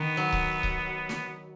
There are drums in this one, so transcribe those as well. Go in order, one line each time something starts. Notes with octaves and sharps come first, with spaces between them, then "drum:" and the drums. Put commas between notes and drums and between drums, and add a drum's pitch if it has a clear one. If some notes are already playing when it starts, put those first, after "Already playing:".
Already playing: D#3 B3
F#3
drum: kick C#1
drum: kick C#1
drum: snare